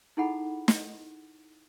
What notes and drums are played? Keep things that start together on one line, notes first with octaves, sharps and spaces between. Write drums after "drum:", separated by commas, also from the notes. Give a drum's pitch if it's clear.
D#4 E4 G#4 A4 F#5 B5
drum: snare